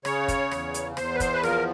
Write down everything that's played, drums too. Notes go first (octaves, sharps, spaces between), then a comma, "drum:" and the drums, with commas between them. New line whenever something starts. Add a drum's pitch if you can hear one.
C#3 C#5, drum: rim click
drum: kick, hi-hat
E2, drum: rim click
drum: hi-hat
E2 C5, drum: rim click
B4
C5, drum: kick, hi-hat
B4
F3 A#4, drum: rim click